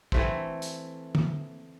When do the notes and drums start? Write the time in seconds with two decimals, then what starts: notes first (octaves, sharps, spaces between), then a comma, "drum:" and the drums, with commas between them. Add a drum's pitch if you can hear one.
0.12 E3 A3 C4, drum: kick
0.62 drum: hi-hat
1.15 drum: tom